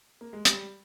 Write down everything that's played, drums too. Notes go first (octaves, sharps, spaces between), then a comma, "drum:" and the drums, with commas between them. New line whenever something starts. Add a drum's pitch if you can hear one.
A#3
G#3
G3, drum: hi-hat